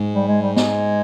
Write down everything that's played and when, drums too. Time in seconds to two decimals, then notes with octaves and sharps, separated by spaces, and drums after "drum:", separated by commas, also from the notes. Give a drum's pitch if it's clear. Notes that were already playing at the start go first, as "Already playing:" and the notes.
Already playing: G#2
0.15 G3
0.28 G#3
0.42 G3
0.56 G#3, drum: snare